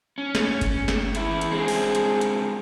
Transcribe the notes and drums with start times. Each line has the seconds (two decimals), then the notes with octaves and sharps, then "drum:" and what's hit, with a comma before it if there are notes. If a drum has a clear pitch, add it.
0.18 C#4
0.35 drum: snare
0.61 drum: kick G1, hi-hat
0.88 drum: snare
1.15 E2 E4, drum: hi-hat
1.41 drum: hi-hat
1.51 G#3 C4 D4 G#4
1.68 drum: open hi-hat
1.95 drum: hi-hat
2.21 drum: hi-hat